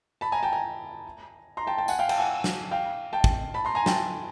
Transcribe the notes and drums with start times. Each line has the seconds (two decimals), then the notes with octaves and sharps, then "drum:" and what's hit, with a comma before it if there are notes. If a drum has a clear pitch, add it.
0.21 A5 B5
0.32 G#5 A#5
0.43 G5 A5
0.53 G#5 A#5
1.57 A#5 C6
1.67 G5 A5
1.78 G5 A5
1.88 F#5 G#5, drum: tambourine
1.99 F5 G5
2.09 G5 A5, drum: cymbal
2.19 F#5 G#5
2.44 drum: snare
2.71 F5 G5
3.13 G5 A5
3.24 drum: kick
3.54 A5 B5
3.65 A#5 C6
3.75 G#5 A#5
3.86 G5 A5, drum: snare